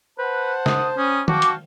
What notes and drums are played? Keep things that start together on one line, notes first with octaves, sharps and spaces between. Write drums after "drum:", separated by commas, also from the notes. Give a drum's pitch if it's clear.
B4 C5 F#5 A5
D#6, drum: snare
G3 C#4 D#6
F#4 F5 G5 A5 D6, drum: tom
drum: hi-hat